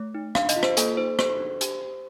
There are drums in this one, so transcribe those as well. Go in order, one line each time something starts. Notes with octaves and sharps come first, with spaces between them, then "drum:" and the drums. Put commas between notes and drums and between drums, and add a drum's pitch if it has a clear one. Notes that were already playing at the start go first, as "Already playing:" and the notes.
Already playing: A3
D#4
D4 F5, drum: rim click
D#5, drum: hi-hat
F4
C5, drum: rim click
A#3 A4, drum: hi-hat
D#4 C5
A4 C5, drum: rim click
D4
G4, drum: hi-hat
G4